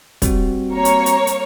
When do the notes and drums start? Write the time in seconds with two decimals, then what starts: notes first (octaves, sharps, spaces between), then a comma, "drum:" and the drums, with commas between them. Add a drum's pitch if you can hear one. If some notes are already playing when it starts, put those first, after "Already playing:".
0.22 G3 C4 F#4, drum: kick, hi-hat
0.71 A#3 C#5 A#5
0.85 drum: hi-hat
1.06 drum: hi-hat
1.27 drum: hi-hat